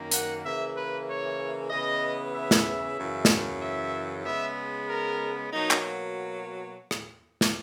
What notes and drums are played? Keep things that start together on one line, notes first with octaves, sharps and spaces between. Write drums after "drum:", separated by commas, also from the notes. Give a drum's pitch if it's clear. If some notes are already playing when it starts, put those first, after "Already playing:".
Already playing: F#2 D#3 A#3
F#5, drum: hi-hat
C#3 E3 A#3 E5
B4
C#5
C#3 E3 B3 D#5
E5
drum: snare
F#2 C#3 E3
drum: snare
E5
C#3 G#3 B3 E5
A#4
B2 F#3 A#3 D#4
drum: clap
drum: rim click
drum: snare